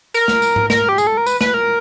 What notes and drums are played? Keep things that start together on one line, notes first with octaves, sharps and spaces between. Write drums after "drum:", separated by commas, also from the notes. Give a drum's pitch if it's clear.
A#4, drum: tambourine
drum: snare
drum: tambourine
drum: tom G#2
A#4, drum: snare
G4
G#4, drum: tambourine
A4
A#4
B4, drum: tambourine
B4, drum: snare
A#4